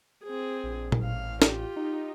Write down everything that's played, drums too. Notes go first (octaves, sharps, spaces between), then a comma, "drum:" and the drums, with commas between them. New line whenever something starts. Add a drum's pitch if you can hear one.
C4 G#4
A#1
drum: tom A#2
A1 F5
F4 G4, drum: snare
D#4